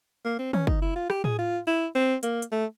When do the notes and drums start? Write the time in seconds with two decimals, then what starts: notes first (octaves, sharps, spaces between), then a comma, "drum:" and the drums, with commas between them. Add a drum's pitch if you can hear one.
0.25 A#3
0.39 C4
0.53 C#4, drum: tom D#3
0.67 D#4, drum: kick
0.82 E4
0.96 F4
1.10 G4, drum: rim click
1.24 G#4, drum: tom A2
1.38 F4
1.67 E4
1.95 C4
2.23 A#3, drum: hi-hat
2.42 drum: hi-hat
2.52 A3